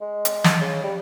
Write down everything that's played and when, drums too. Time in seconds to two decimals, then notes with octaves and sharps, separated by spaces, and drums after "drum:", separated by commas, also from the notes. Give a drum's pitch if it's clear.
0.01 G#3
0.25 drum: hi-hat
0.44 drum: snare
0.60 C#3
0.83 G3